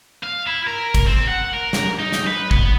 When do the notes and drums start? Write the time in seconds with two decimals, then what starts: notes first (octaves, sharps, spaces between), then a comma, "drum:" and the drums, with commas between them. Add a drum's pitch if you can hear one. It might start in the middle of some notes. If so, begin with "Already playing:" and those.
0.23 F5
0.47 E4
0.67 A#4
0.95 drum: kick, cymbal
1.07 C4
1.28 F#5
1.53 A#4
1.73 drum: snare
1.99 D#4
2.12 drum: snare
2.27 B4
2.51 B3, drum: kick